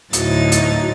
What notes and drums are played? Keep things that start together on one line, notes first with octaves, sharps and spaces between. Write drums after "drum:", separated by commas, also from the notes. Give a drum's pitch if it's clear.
D2 A2 F#3 D#4 A6, drum: hi-hat
drum: hi-hat